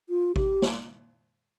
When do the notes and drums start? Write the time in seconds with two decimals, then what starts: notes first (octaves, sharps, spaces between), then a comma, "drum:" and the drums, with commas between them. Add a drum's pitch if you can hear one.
0.10 F4
0.36 G4, drum: kick A1
0.62 drum: snare